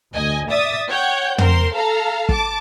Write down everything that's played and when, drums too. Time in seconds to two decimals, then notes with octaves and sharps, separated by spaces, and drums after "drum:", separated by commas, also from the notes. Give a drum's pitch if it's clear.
0.13 D2 D#5 G#5
0.50 D5 E5 D#6 A6
0.89 C#5 F#5 G5 G6
1.38 A#4 C5 C6, drum: tom
1.73 A4 F5 A#5
2.29 A5 D6, drum: kick